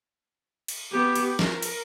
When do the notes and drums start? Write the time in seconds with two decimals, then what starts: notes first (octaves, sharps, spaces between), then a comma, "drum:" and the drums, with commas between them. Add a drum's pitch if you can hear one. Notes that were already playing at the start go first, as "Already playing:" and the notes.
0.68 drum: cymbal
0.92 B3 G4
1.15 drum: cymbal
1.39 A#4, drum: snare
1.62 drum: cymbal